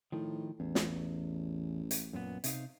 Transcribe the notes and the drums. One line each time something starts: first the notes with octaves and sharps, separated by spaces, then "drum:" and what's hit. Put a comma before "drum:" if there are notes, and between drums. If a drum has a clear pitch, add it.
A2 D#3 F3
A1 E2
drum: snare
drum: hi-hat
F#2 A#2 B3
C3 D#4 F5, drum: hi-hat